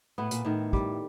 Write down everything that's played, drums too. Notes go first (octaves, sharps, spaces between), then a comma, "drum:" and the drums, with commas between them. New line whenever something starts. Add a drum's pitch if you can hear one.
A2 B3
A#2, drum: hi-hat
A2 D#3
G3, drum: kick